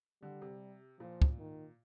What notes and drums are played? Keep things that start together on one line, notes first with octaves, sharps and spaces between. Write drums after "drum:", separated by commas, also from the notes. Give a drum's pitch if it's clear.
D3 G3
C3
A#2 F3
drum: kick
D#3